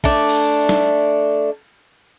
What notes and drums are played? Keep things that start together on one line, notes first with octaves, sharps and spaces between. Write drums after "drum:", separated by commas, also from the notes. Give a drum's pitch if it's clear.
A3 D4, drum: kick
drum: cymbal
drum: snare